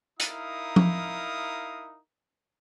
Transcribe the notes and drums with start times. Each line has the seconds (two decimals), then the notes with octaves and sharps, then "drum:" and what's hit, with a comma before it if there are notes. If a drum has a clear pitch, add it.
0.20 D#4 E4 A#4 F5 A#5 D#6, drum: hi-hat
0.76 drum: tom F3